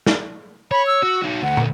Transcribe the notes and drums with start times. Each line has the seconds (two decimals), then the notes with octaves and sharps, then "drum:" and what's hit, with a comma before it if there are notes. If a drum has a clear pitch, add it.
0.06 drum: snare
0.72 C#5 B5
0.87 E6
1.03 F#4
1.23 D#4 F#4
1.42 D2 F#5
1.57 drum: tom